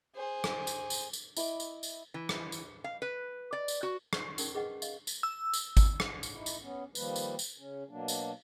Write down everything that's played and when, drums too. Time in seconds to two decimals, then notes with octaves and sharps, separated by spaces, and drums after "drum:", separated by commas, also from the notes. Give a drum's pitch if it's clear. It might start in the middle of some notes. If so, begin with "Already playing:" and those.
0.16 G#4 C5
0.44 drum: rim click
0.67 drum: tambourine
0.90 drum: tambourine
1.13 drum: tambourine
1.37 E4 D#5 D6, drum: tambourine
1.60 drum: tambourine
1.83 drum: tambourine
2.14 E3
2.29 drum: rim click
2.52 drum: tambourine
2.84 F5
3.02 B4
3.53 D5
3.68 drum: tambourine
3.83 F#4
4.13 D5, drum: rim click
4.38 C#4 D#4 A#4 A5, drum: tambourine
4.55 G#4 B4 D#5 F#5 G5
4.82 D#5 F5, drum: tambourine
5.07 drum: tambourine
5.23 E6
5.53 drum: tambourine
5.77 drum: kick G#1, tambourine
6.00 drum: rim click
6.23 drum: tambourine
6.33 D#4 E4
6.46 drum: tambourine
6.61 B3 C#4
6.95 D#3 F3 G3 A#3 B4, drum: tambourine
7.16 drum: tambourine
7.39 drum: tambourine
7.58 C#3 C#4
7.89 B2 F#3 A#3 D4
8.08 drum: tambourine